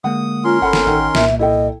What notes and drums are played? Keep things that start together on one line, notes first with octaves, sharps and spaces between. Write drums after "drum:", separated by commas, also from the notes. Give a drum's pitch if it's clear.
D3 G#3 A#3 F#5 D#6
C#4 F4 A#4 C6
G1 A4 F#5 B5
drum: snare
A1 D#3 F#5 G5
C2 A#2 A#3 E5, drum: snare
E4 A4 D#5 G5